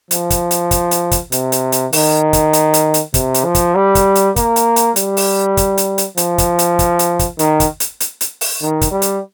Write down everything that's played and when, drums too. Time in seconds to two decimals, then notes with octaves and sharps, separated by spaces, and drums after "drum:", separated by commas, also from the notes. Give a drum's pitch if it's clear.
0.11 F3, drum: hi-hat
0.30 drum: kick, hi-hat
0.51 drum: hi-hat
0.71 drum: kick, hi-hat
0.91 drum: hi-hat
1.11 drum: kick, hi-hat
1.32 C3, drum: hi-hat
1.52 drum: hi-hat
1.72 drum: hi-hat
1.93 D#3, drum: open hi-hat
2.33 drum: kick, hi-hat
2.53 drum: hi-hat
2.74 drum: hi-hat
2.94 drum: hi-hat
3.14 C3, drum: kick, hi-hat
3.34 drum: hi-hat
3.45 F3
3.55 drum: kick, hi-hat
3.75 G3
3.95 drum: kick, hi-hat
4.15 drum: hi-hat
4.36 A#3, drum: kick, hi-hat
4.56 drum: hi-hat
4.76 drum: hi-hat
4.96 G3, drum: hi-hat
5.17 drum: open hi-hat
5.57 drum: kick, hi-hat
5.78 drum: hi-hat
5.98 drum: hi-hat
6.17 F3, drum: hi-hat
6.38 drum: kick, hi-hat
6.59 drum: hi-hat
6.79 drum: kick, hi-hat
6.99 drum: hi-hat
7.19 drum: kick, hi-hat
7.39 D#3, drum: hi-hat
7.60 drum: kick, hi-hat
7.80 drum: hi-hat
8.00 drum: hi-hat
8.21 drum: hi-hat
8.41 drum: open hi-hat
8.62 D#3
8.81 drum: kick, hi-hat
8.92 G3
9.02 drum: hi-hat